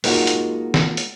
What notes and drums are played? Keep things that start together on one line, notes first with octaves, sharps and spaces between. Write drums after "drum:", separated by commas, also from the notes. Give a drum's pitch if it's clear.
G#3 A#3 D#4 F4 F#4, drum: open hi-hat
drum: hi-hat
drum: snare
drum: hi-hat